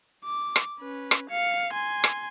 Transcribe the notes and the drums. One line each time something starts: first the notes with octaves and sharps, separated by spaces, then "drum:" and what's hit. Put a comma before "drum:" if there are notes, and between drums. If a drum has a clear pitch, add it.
D6
drum: rim click
C#4 B4
drum: rim click
F5 C#7
G#5 C6
drum: rim click